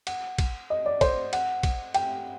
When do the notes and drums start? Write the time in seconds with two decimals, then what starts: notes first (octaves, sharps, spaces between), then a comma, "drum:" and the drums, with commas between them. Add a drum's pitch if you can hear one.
0.07 F#5, drum: cymbal
0.38 drum: kick, cymbal
0.70 D#5
0.86 D5
1.01 C5, drum: kick, cymbal
1.33 F#5, drum: cymbal
1.63 drum: kick, cymbal
1.94 G5, drum: cymbal